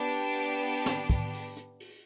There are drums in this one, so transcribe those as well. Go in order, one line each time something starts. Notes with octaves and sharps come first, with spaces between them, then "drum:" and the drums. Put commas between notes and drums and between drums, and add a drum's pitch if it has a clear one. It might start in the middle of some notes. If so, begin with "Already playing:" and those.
Already playing: B3 D4 G4
drum: snare
drum: kick, hi-hat
drum: open hi-hat
drum: hi-hat
drum: open hi-hat